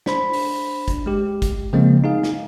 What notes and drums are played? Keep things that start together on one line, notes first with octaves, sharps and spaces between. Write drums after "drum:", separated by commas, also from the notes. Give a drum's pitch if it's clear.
D4 C5 B5, drum: snare
drum: open hi-hat
drum: kick, hi-hat
G#3 G4
drum: kick, hi-hat
C#3 F3 G#3 A#3 C4
D#4 G#4 F5
drum: snare